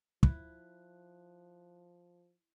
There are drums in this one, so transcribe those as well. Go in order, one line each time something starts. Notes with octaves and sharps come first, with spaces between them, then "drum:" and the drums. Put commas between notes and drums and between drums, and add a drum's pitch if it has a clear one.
F3 E4 F#6, drum: kick